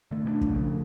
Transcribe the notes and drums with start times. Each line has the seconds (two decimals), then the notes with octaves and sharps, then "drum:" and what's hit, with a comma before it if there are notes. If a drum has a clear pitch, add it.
0.11 D3 A3
0.24 B2 A3 A#3 D4
0.41 drum: kick
0.53 D2 C#3 F3